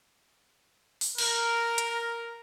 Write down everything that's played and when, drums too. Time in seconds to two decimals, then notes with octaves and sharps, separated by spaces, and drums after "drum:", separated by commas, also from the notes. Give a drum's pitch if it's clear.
1.01 drum: open hi-hat
1.18 A#4, drum: cymbal
1.78 drum: hi-hat